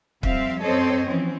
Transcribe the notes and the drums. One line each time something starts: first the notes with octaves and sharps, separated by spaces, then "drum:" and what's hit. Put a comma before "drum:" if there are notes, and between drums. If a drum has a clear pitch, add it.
F2 G3 C4 E5 F5, drum: kick
F#2 C4 A4 C5 C#5 D#5
E3 F3 C4 C#4